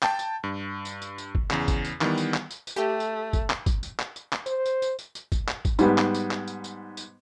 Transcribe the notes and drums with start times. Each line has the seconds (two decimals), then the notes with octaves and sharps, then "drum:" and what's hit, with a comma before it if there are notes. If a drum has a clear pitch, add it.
0.02 G5 A5, drum: clap
0.19 drum: tambourine
0.44 G2
0.85 drum: tambourine
1.02 drum: tambourine
1.18 drum: tambourine
1.35 drum: kick
1.51 E2 C#3, drum: clap
1.68 drum: kick, tambourine
1.84 drum: tambourine
2.01 D#3 E3 G3 B3, drum: clap
2.17 drum: tambourine
2.34 drum: clap
2.51 drum: tambourine
2.67 drum: tambourine
2.76 A3 G4
3.00 drum: tambourine
3.33 drum: kick, tambourine
3.50 drum: clap
3.66 drum: kick, tambourine
3.83 drum: tambourine
3.99 drum: clap
4.16 drum: tambourine
4.33 drum: clap
4.46 C5, drum: tambourine
4.66 drum: tambourine
4.82 drum: tambourine
4.99 drum: tambourine
5.15 drum: tambourine
5.32 drum: kick, tambourine
5.48 drum: clap
5.65 drum: kick, tambourine
5.79 G#2 G3 B3, drum: tambourine
5.98 drum: clap
6.14 drum: tambourine
6.31 drum: clap
6.48 drum: tambourine
6.64 drum: tambourine
6.97 drum: tambourine